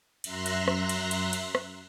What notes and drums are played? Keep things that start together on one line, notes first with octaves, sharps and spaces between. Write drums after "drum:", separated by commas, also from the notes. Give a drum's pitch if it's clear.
F#2 E5 A#5 C6 F#6 A#6, drum: cymbal
drum: cymbal
drum: rim click
drum: cymbal
drum: cymbal
drum: cymbal
drum: rim click